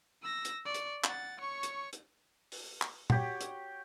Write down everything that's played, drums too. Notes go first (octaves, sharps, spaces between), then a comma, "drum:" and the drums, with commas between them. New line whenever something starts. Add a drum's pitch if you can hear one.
E6 A#6
drum: hi-hat
D5 C#6
drum: hi-hat
F#5 A6, drum: clap
C#5 C#6
drum: hi-hat
drum: hi-hat
drum: open hi-hat
drum: clap
F#4 G4 C#5, drum: tom
drum: hi-hat